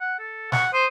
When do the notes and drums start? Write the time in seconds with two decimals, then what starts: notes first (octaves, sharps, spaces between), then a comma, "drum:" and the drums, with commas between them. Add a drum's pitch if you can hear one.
0.01 F#5
0.19 A4
0.52 F#5 C#6, drum: snare
0.73 C5 D#6